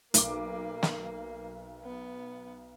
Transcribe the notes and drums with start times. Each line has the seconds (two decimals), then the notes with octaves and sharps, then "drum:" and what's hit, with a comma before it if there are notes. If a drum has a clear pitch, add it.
0.14 B1 A#3 D6, drum: hi-hat
0.83 drum: snare
1.83 B3